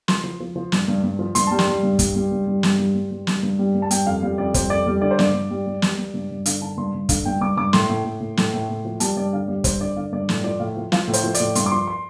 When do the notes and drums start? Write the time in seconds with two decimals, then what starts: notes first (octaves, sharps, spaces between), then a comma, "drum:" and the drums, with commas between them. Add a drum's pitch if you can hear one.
0.08 F3 C6, drum: snare
0.24 F3
0.40 F3
0.56 F3
0.72 G2, drum: snare
0.88 G2
1.03 G2
1.19 F3
1.35 G2 C6, drum: hi-hat
1.47 G3 A5
1.59 C6, drum: snare
1.68 G3
1.83 G2
1.99 G3, drum: kick, hi-hat
2.16 G3
2.31 G2
2.47 G3
2.63 G2, drum: snare
2.79 G3
2.95 G2
3.11 G3
3.27 G2, drum: snare
3.43 G2
3.59 G3
3.75 G2
3.82 A5
3.91 G3 G5, drum: hi-hat
4.06 F2 F5
4.23 G3 F5
4.38 F2 D5
4.54 G3 C5, drum: kick, hi-hat
4.70 F2 D5
4.87 G3
5.02 D3 D5
5.11 C5
5.19 G2 D5, drum: snare
5.34 G2
5.50 G3
5.67 G3
5.82 G3, drum: snare
5.98 G3
6.14 G2
6.30 G2
6.46 D3 F5, drum: hi-hat
6.61 D3 A5
6.77 G2 C6
6.94 G2
7.09 D3 F5, drum: kick, hi-hat
7.25 G2 G5
7.41 G2 D6
7.57 G2 D6
7.73 A2 C6, drum: snare
7.89 A2
8.05 A2
8.20 A2
8.37 A2, drum: snare
8.54 A2
8.69 A2
8.85 F3
9.00 G3 A5, drum: hi-hat
9.16 G2 D5
9.33 D3 F5
9.48 G3 D5
9.64 G2 C5, drum: kick, hi-hat
9.81 D3 D5
9.96 D3 F5
10.12 G2 D5
10.29 A2, drum: snare
10.44 F3 D5
10.60 A2 F5
10.77 F3
10.92 F3 F5, drum: snare
11.07 A2
11.13 C5, drum: hi-hat
11.24 F3
11.34 D5, drum: hi-hat
11.40 A2
11.55 G2 C6, drum: hi-hat
11.66 D6
11.72 F3 C6
11.88 C6